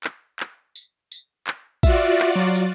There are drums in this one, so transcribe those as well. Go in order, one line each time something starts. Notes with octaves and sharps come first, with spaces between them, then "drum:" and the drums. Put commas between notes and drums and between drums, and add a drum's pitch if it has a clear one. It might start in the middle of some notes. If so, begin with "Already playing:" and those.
drum: clap
drum: clap
drum: tambourine
drum: tambourine
drum: clap
F4 F#4 D5 E5, drum: kick, tambourine
drum: clap
F#3
drum: tambourine